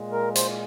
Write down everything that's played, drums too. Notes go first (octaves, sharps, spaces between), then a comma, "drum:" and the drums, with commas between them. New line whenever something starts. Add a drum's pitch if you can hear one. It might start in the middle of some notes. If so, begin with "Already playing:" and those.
Already playing: A#2 G#3
A#4
C5, drum: hi-hat